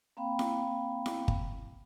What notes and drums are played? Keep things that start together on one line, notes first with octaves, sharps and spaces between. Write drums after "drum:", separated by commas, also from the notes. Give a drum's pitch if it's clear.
A#3 C4 F5 G5 B5
drum: snare E4
drum: snare E4
drum: kick G1